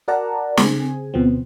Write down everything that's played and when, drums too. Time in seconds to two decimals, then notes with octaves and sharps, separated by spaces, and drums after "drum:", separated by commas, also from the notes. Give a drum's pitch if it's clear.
0.08 F#4 A#4 D5 F#5 A5 A#5
0.57 C#3 C4 G#4 G#5, drum: snare
1.14 D2 B2 F3 B3 C4